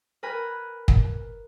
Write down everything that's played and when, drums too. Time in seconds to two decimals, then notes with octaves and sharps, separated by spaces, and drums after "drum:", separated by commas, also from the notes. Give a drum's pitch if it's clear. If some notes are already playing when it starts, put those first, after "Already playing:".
0.23 A#4 B4 G#5 B5
0.88 drum: kick